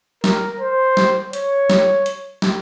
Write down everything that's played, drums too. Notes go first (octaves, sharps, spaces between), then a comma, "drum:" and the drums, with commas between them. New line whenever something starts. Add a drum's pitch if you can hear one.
A#4, drum: snare
C5
drum: snare
C#5, drum: hi-hat
drum: snare
drum: hi-hat
drum: snare